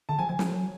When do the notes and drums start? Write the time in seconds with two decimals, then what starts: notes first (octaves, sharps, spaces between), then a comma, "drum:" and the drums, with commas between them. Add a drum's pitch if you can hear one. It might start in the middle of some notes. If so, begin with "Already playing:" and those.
0.09 D3 A5
0.19 F3 G#5
0.29 F3 G#5
0.39 F#3, drum: snare
0.46 F3
0.54 F#3